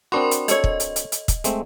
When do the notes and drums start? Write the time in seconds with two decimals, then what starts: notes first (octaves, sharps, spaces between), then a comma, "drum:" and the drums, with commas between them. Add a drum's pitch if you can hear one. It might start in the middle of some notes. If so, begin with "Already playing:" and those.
0.12 C4 D4 F#4 A#4 B5 C6
0.31 drum: hi-hat
0.48 A4 C#5 D#5, drum: hi-hat
0.64 drum: kick
0.80 drum: hi-hat
0.96 drum: hi-hat
1.12 drum: hi-hat
1.28 drum: kick, hi-hat
1.44 G#3 A3 C4, drum: hi-hat